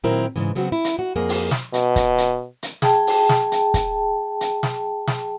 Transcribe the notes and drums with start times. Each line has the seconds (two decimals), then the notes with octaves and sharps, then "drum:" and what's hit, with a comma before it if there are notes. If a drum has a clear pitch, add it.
0.04 A#2 D#3 F#3 C4 E4 A#4
0.36 G#2 C#3 E3
0.55 C#3 F#3 B3 C4 F#4
0.72 E4
0.85 drum: hi-hat
0.99 F#4
1.16 F2 A#3 G#4
1.29 drum: open hi-hat
1.51 drum: snare
1.74 B2, drum: hi-hat
1.96 drum: kick, hi-hat
2.18 drum: hi-hat
2.63 drum: hi-hat
2.82 G#4 G5 A5, drum: snare
3.07 drum: open hi-hat
3.29 drum: snare
3.52 drum: hi-hat
3.74 drum: kick, hi-hat
4.41 drum: hi-hat
4.63 drum: snare
5.07 drum: snare